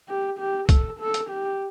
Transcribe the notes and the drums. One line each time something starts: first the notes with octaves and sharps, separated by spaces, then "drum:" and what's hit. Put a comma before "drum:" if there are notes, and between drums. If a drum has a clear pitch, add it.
G4
G4
A4, drum: kick, hi-hat
A4
drum: hi-hat
G4